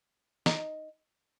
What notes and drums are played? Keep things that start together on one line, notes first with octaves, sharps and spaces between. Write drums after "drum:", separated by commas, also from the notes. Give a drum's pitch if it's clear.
D#4, drum: snare